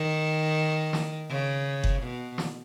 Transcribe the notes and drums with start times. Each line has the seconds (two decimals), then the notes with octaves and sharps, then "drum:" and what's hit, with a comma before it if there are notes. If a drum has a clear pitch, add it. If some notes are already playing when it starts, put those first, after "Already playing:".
Already playing: D#3
0.93 drum: snare
1.30 C#3
1.84 drum: kick F#1
2.02 B2
2.38 drum: snare